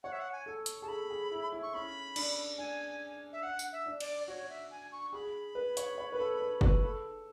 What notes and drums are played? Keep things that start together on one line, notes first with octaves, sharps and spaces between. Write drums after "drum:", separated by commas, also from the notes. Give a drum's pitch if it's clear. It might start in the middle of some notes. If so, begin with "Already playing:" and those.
C#5 F#5
E5
F#5
G#5
A4
drum: hi-hat
G#4 A5
A4 B5
G#4
E4
E4
C#6
C#4 B5
D4, drum: cymbal
D4 G#5
E5
F#5
drum: tambourine
E5
D4
D5, drum: cymbal
F#4 C#5
E5
G#5
C#6
G#4 B5
B4
C#5, drum: hi-hat
C#5
B4
A4
B4
B4, drum: kick
A4